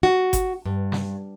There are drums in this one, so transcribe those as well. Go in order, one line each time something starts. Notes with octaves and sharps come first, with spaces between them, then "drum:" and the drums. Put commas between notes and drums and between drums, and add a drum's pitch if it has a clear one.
F#4
drum: kick G1, hi-hat
G2
drum: snare